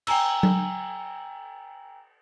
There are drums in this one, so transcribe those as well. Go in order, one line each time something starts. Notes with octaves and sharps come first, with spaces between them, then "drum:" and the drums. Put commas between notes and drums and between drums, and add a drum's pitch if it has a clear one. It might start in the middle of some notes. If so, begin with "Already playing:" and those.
G5 G#5 A#5 E6, drum: cymbal
drum: tom F#3